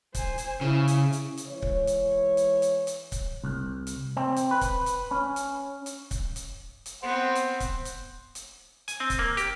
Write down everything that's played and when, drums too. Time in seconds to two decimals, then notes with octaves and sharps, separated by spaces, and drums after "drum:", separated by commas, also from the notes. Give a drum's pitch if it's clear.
0.15 C5 G#5, drum: kick C#1, hi-hat
0.38 drum: hi-hat
0.61 C#3 E4
0.88 drum: hi-hat
1.13 drum: hi-hat
1.37 drum: hi-hat
1.48 E3 G#3 C#5
1.62 drum: kick C#1
1.87 drum: hi-hat
2.37 drum: hi-hat
2.62 drum: hi-hat
2.87 drum: hi-hat
3.12 drum: kick C#1, hi-hat
3.44 C2
3.87 drum: hi-hat
4.17 C4
4.36 drum: hi-hat
4.51 B4
4.61 drum: kick C#1, hi-hat
4.86 drum: hi-hat
5.11 C#4
5.36 drum: hi-hat
5.86 drum: hi-hat
6.11 drum: kick C#1, hi-hat
6.36 drum: hi-hat
6.86 drum: hi-hat
7.03 B3 C4 C5 F#5
7.35 drum: hi-hat
7.60 drum: kick C#1, hi-hat
7.85 drum: hi-hat
8.35 drum: hi-hat
8.88 G#5, drum: hi-hat
9.00 C4
9.10 drum: kick C#1, hi-hat
9.19 A#3
9.37 G4, drum: hi-hat